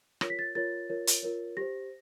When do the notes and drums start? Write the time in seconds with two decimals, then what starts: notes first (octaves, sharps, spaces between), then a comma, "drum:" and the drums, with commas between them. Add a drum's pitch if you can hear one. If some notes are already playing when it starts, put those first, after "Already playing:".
0.21 F4 A#4 C#5 A#6, drum: rim click
0.30 B6
0.39 A6
0.55 F4 A#4 C#5 A6
0.89 F4 A#4 C#5
1.07 drum: hi-hat
1.23 F4 A#4 C#5
1.57 G4 C5 A#6